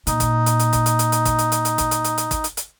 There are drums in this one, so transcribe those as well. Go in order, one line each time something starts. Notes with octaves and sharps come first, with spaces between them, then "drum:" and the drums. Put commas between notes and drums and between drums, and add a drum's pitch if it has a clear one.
A#2 D#4, drum: hi-hat
drum: kick, hi-hat
drum: hi-hat
drum: hi-hat
drum: kick, hi-hat
drum: hi-hat
drum: hi-hat
drum: hi-hat
drum: kick, hi-hat
drum: hi-hat
drum: hi-hat
drum: hi-hat
drum: kick, hi-hat
drum: hi-hat
drum: hi-hat
drum: hi-hat
drum: kick, hi-hat
drum: hi-hat
drum: hi-hat